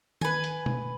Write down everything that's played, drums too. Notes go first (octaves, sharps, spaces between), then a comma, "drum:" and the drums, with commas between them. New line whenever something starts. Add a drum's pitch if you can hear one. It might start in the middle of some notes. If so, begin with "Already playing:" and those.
B4 G#5, drum: tom D#3
drum: hi-hat
drum: tom